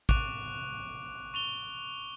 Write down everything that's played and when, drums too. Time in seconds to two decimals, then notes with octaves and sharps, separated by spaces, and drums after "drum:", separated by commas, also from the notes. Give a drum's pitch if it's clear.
0.09 C#6 D6 F#6 D7 F7, drum: kick
1.34 C#6 F7 G7